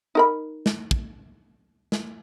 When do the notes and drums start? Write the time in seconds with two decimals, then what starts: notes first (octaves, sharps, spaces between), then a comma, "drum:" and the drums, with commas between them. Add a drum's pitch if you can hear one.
0.15 D#4 A#4 B5
0.66 drum: snare
0.91 drum: kick
1.92 drum: snare